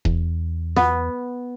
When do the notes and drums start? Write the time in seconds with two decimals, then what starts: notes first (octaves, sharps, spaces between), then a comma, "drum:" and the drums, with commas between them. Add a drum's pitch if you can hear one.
0.05 E2, drum: kick D#1
0.76 B3, drum: snare